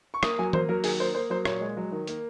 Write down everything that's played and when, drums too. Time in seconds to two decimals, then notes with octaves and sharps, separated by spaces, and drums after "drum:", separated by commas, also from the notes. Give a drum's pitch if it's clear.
0.14 C#6
0.23 A#3 D#6, drum: rim click
0.39 F#3 G#5
0.53 A#3 C5, drum: tom E3
0.69 F#3 A#4
0.84 D#3 G#4, drum: open hi-hat
1.00 A#3 C5
1.14 A#3 C5
1.30 F#3 C5
1.45 A#2 C#5, drum: rim click
1.61 G#3
1.77 F#3
1.92 D#3
2.07 A#3, drum: hi-hat